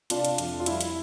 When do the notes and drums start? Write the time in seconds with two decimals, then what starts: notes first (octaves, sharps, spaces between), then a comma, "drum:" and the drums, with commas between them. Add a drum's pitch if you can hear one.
0.10 C3 D4 F4, drum: hi-hat
0.25 drum: hi-hat
0.38 F2, drum: hi-hat
0.60 F4
0.66 G3 E4, drum: hi-hat
0.81 drum: hi-hat